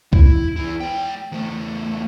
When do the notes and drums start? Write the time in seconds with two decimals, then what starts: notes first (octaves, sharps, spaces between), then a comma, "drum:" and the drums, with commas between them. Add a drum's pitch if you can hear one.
0.13 E4, drum: kick C2
0.56 E2 E4
0.81 G#3 G5
1.32 E2 A3